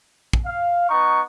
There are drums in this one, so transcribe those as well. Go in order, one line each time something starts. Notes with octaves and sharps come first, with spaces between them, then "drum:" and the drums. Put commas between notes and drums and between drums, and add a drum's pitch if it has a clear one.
drum: kick
F5
B3 D#4 A#5 C#6